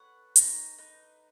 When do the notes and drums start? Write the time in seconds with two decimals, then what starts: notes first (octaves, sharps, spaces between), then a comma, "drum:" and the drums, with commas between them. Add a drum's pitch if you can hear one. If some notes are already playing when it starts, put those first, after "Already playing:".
Already playing: A4 B4 C#5 F#5
0.36 D#4 B4, drum: hi-hat
0.78 D#4 B4